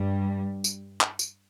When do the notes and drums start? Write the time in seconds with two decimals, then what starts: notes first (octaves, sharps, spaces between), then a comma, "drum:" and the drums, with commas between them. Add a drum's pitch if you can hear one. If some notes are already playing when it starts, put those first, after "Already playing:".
Already playing: G2 G3
0.64 drum: tambourine
1.01 drum: clap
1.19 drum: tambourine